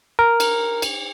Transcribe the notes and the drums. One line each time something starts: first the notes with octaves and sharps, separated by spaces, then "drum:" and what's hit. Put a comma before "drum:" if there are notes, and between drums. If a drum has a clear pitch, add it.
A#4
drum: cymbal
drum: cymbal